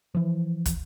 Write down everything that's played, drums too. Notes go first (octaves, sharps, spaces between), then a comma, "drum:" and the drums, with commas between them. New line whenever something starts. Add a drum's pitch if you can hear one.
E3 F3
drum: kick, hi-hat